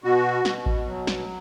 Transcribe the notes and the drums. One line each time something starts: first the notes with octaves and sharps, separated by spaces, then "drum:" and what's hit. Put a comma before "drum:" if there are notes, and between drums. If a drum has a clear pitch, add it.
B2 F#4
B2, drum: snare
drum: kick A1
F#3
drum: snare